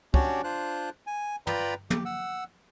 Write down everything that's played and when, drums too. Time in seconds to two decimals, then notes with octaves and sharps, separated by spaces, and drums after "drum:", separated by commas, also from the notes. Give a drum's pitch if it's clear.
0.14 C#4 D4 F#4 G4 C#5 D5, drum: kick
0.44 D4 F4 C5 F#6
1.07 G#5
1.47 F4 B4 D5 G5 A#5 B5, drum: tom
1.90 G4, drum: tom
2.05 F#5 E6